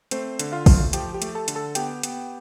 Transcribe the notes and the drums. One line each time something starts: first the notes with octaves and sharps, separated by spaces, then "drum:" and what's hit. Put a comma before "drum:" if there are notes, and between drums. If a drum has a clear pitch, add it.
A3 C4 C5, drum: hi-hat
D3, drum: hi-hat
F4 F5
A3, drum: kick, open hi-hat
F3 G4 G5, drum: hi-hat
G4 G5
A3, drum: hi-hat
A4 A5
D3, drum: hi-hat
A4 A5
B3 G4 G5, drum: hi-hat
B3, drum: hi-hat